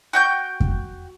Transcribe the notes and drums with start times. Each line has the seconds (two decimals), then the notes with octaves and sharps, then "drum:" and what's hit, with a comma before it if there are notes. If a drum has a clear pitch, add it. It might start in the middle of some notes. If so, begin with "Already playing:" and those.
0.13 F#4 G5 G6
0.60 drum: kick F2